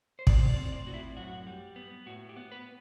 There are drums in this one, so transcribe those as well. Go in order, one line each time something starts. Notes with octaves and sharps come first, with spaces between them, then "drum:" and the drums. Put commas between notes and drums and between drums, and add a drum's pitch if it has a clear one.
C5
A2 D5, drum: kick
C5
D5
C4
D5
A2 F#4
E4
F#2 F#4
G3
B3
A2 F#4
G4
B3
B4